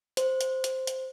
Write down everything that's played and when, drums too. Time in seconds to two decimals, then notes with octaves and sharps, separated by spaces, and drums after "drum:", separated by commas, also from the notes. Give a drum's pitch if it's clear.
0.17 C5, drum: hi-hat
0.41 drum: hi-hat
0.64 drum: hi-hat
0.87 drum: hi-hat